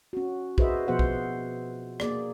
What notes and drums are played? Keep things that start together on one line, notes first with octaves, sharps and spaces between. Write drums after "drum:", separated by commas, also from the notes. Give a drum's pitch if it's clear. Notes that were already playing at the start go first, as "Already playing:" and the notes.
C#4 F#4
F#4 G#4 B4 C5 D#5 E5, drum: kick
B2 F3 B3 G#4 C5 F#5
drum: kick
A#3 G#4 D5, drum: rim click